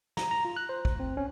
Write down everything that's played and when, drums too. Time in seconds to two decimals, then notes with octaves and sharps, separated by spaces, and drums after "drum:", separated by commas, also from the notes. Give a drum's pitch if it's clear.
0.17 A#5, drum: snare
0.31 A#5
0.45 F4
0.56 F#6
0.69 C5
0.85 D2, drum: kick
1.00 C4
1.17 C#4